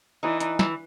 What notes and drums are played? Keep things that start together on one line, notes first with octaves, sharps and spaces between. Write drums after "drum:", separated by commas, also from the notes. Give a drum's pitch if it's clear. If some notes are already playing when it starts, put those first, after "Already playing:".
E3 D#4
D#4, drum: hi-hat
E3, drum: snare